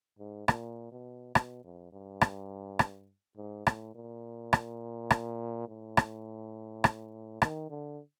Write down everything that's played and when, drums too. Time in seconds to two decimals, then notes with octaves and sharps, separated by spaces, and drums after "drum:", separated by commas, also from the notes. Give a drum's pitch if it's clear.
0.19 G#2
0.48 A#2, drum: rim click
0.92 B2
1.35 B2, drum: rim click
1.64 F2
1.93 G2
2.21 drum: rim click
2.79 drum: rim click
3.37 G#2
3.67 A2, drum: rim click
3.95 A#2
4.53 drum: rim click
5.10 drum: rim click
5.68 A2
5.97 drum: rim click
6.84 drum: rim click
7.42 D#3, drum: rim click
7.70 D3